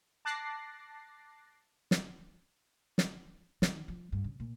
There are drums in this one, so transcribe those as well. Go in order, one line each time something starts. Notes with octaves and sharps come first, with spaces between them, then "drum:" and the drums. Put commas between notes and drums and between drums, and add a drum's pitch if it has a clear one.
A5 D6 F#6 A6 A#6 C7
drum: snare
drum: snare
D#3, drum: snare
F3
G2
C#3
A#2